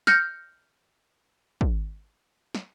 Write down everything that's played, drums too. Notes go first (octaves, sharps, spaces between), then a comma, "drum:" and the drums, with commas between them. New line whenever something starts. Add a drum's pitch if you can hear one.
F6 G6 A#6 C#7, drum: snare
drum: kick
drum: snare